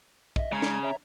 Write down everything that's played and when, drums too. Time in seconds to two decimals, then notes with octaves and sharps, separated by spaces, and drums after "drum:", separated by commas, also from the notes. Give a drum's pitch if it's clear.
0.36 D#5 E5, drum: kick
0.52 C#3 G#3 A#5 G#6
0.62 drum: snare
0.83 C#5 E5 A#5